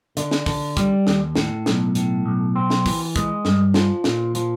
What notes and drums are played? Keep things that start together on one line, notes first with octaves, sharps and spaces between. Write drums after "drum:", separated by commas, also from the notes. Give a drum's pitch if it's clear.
D3, drum: hi-hat
drum: snare
D3, drum: kick, open hi-hat
G3, drum: kick, hi-hat
D#2, drum: snare
A2, drum: snare
B1, drum: snare
A2, drum: hi-hat
B1
C4
drum: snare
E3, drum: kick, open hi-hat
G#3, drum: kick, hi-hat
G2, drum: snare
F3, drum: snare
A#2, drum: snare
F3, drum: hi-hat